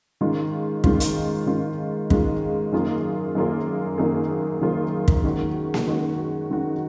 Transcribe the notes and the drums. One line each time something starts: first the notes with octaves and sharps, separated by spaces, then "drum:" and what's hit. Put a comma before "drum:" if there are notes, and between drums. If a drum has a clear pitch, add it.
G#2 D#3 G#3 C#4 F4
G#2 D#3 G#3 C#4 F4, drum: kick
drum: hi-hat
G#2 D#3 G#3 C#4 F4
G#2 D#3 G#3 C#4 F4, drum: kick
F#2 D#3 A#3 F4 G#4
F#2 D#3 A#3 F4 G#4
F#2 D#3 A#3 F4 G#4
F#2 D#3 A#3 F4 G#4
drum: kick
D#3 G#3 C#4 F#4
drum: snare A#3
D#3 G#3 C#4 F#4
D#3 G#3 C#4 F#4